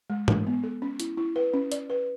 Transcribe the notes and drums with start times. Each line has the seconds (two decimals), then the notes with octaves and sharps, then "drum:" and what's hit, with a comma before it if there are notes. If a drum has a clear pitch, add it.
0.10 G#3
0.28 G#3, drum: tom G#2
0.47 B3
0.63 A4
0.82 C#4
1.00 E4, drum: hi-hat
1.17 E4
1.36 B4
1.54 C#4
1.72 D5, drum: hi-hat
1.90 B4